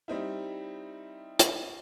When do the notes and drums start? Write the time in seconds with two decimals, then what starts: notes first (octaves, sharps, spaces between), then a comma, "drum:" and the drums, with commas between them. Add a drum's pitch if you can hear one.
0.08 G3 C4 D#4 E4
1.39 drum: hi-hat